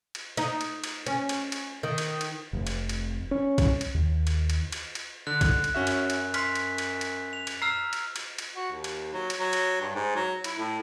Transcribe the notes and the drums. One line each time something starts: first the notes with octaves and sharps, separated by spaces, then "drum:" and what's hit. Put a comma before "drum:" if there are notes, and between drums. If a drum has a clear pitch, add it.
drum: cymbal
D#4, drum: cymbal
drum: cymbal
drum: cymbal
C#4, drum: cymbal
drum: cymbal
drum: cymbal
D#3
drum: cymbal
drum: cymbal
F1
drum: cymbal
drum: cymbal
C#4
drum: kick B1, cymbal
drum: cymbal
D#2
drum: cymbal
drum: cymbal
drum: cymbal
drum: cymbal
D3 F#6
drum: kick B1, cymbal
drum: cymbal
F#2 C#4 F#4 E5
drum: cymbal
drum: cymbal
C6 F6 B6, drum: cymbal
drum: cymbal
drum: cymbal
drum: cymbal
F7
drum: cymbal
A#5 E6 F6 C7
drum: cymbal
drum: cymbal
drum: cymbal
F#4
D#2
drum: cymbal
F#3
drum: cymbal
F#3
drum: cymbal
G2
G#2
F#3
E4, drum: cymbal
A2